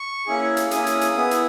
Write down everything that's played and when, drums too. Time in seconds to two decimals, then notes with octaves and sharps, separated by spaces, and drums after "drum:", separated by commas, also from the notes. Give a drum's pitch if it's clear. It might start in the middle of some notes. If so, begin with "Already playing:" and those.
Already playing: C#6
0.26 A#3 C#4 E4 G#4
0.57 drum: hi-hat
0.71 A#3 C#4 E4 G#4 D#6, drum: hi-hat
0.86 drum: hi-hat
1.01 drum: hi-hat
1.16 B3 E4 G#4
1.31 drum: hi-hat